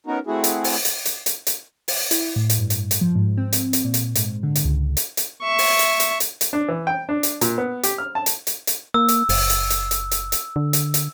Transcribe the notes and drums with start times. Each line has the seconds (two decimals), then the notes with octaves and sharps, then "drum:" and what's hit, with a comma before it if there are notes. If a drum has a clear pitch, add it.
0.06 B3 C#4 D#4 F#4 A#4
0.27 A3 C4 E4 F#4 G#4
0.44 drum: hi-hat
0.64 drum: open hi-hat
0.85 drum: hi-hat
1.05 drum: hi-hat
1.26 drum: hi-hat
1.47 drum: hi-hat
1.88 drum: open hi-hat
2.11 E4, drum: hi-hat
2.36 A2
2.50 drum: hi-hat
2.59 G2
2.70 drum: hi-hat
2.91 drum: hi-hat
3.01 F3
3.15 G#2
3.37 C4
3.53 drum: hi-hat
3.73 drum: hi-hat
3.85 A#2
3.94 drum: hi-hat
4.15 G#2, drum: hi-hat
4.43 D3
4.55 drum: hi-hat
4.65 C#2
4.97 drum: hi-hat
5.17 drum: hi-hat
5.42 E5 C#6
5.58 drum: open hi-hat
5.79 drum: hi-hat
6.00 drum: hi-hat
6.20 drum: hi-hat
6.41 drum: hi-hat
6.53 D4
6.68 E3
6.87 G5
7.09 D4
7.23 drum: hi-hat
7.41 A#2, drum: hi-hat
7.58 B3
7.83 G4, drum: hi-hat
7.98 F6
8.15 A5
8.26 drum: hi-hat
8.47 drum: hi-hat
8.67 drum: hi-hat
8.94 A#3 E6
9.08 drum: hi-hat
9.29 F#1, drum: open hi-hat
9.50 drum: hi-hat
9.70 drum: hi-hat
9.91 drum: hi-hat
10.11 drum: hi-hat
10.32 drum: hi-hat
10.56 D3
10.73 drum: hi-hat
10.94 drum: hi-hat